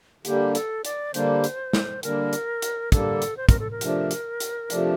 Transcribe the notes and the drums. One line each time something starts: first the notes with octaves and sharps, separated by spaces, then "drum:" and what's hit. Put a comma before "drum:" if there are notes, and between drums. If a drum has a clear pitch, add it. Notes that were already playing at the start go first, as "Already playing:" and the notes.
D3 G3 A#3 D4 G4, drum: hi-hat
A4, drum: hi-hat
D5, drum: hi-hat
D3 G3 A#3 D4 C5, drum: hi-hat
drum: hi-hat
drum: snare
D3 G3 A#3 D4 A#4, drum: hi-hat
drum: hi-hat
drum: hi-hat
D3 G3 A#3 D4 A4, drum: kick, hi-hat
drum: hi-hat
C5
A#4, drum: kick, hi-hat
A4
A#4
C3 F3 A3 D4, drum: hi-hat
drum: hi-hat
drum: hi-hat
C3 F3 A3 D4, drum: hi-hat